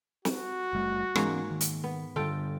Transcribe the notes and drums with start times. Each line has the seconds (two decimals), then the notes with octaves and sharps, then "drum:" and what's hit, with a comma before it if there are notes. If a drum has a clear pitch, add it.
0.25 F#4, drum: snare
0.73 F#1 G3 A3
1.15 G#2 E3 A#3 B3 C#4 C#5, drum: rim click
1.51 D#3
1.61 drum: hi-hat
1.84 B3
2.16 G2 D3 F4 A4 G5